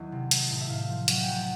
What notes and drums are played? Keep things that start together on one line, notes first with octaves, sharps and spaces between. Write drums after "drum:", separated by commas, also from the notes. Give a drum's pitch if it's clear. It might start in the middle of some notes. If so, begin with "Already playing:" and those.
Already playing: E2 D#3 F#3 D#5
C3
G#3, drum: hi-hat
A2
E5
A2 F5
F3
F#3 F#5, drum: hi-hat
G5
C#2
F#5